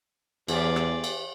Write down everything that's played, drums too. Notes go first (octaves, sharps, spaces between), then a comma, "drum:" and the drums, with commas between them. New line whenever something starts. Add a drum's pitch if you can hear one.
E2 E3 G4 G#4 D5, drum: cymbal
drum: rim click
drum: cymbal